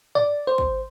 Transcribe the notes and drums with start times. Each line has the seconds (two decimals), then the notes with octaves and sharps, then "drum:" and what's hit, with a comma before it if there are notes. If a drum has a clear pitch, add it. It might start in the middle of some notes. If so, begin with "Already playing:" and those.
0.15 D5, drum: tom G2
0.47 C5
0.58 drum: kick